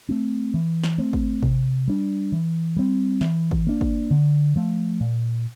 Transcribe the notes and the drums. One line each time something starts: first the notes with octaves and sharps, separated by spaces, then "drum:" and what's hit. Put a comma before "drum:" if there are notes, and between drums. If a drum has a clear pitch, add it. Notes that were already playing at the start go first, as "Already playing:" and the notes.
A3 C4
E3
drum: snare
A3 C4
drum: kick G#1
C3, drum: kick G#1
G3 D4
E3
G3 C4
E3, drum: snare
drum: kick G#1
A#3 D4
drum: kick G#1
D3
F3 A3
A#2